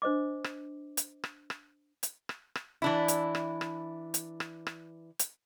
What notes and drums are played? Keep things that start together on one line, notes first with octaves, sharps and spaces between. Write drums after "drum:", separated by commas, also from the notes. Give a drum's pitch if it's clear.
D4 C5 D#5 D6
drum: rim click
drum: hi-hat
drum: rim click
drum: rim click
drum: hi-hat
drum: rim click
drum: rim click
E3 D4 E4
drum: hi-hat
drum: rim click
drum: rim click
drum: hi-hat
drum: rim click
drum: rim click
drum: hi-hat